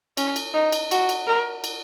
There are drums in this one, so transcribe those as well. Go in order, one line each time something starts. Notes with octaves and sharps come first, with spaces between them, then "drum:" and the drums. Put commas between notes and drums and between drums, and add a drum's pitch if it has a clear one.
C#4, drum: cymbal
drum: cymbal
D#4
drum: cymbal
F#4, drum: cymbal
drum: cymbal
A#4
drum: cymbal